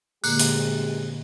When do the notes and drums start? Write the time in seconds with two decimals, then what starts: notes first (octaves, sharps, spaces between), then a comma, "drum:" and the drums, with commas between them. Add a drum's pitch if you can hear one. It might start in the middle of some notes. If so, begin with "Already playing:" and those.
0.24 A#2 D3 G#3 A#3 G4 G#4 F#6, drum: tambourine
0.39 drum: hi-hat